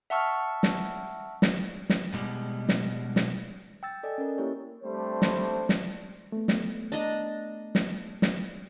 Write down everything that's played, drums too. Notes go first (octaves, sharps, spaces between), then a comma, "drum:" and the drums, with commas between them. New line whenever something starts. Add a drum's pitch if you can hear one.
E5 F#5 A5 C#6 E6 F6
drum: snare
drum: snare
drum: snare
B2 G3 G#3
drum: snare
drum: snare
G5 E6 A6
A4 D5 D#5 G#5
C#4 A#4
A#3 E4 G4 C#5
G3 A3 C4 D4 C5
drum: snare
drum: snare
A3 B3
drum: snare
D4 D#5 A#5
drum: snare
drum: snare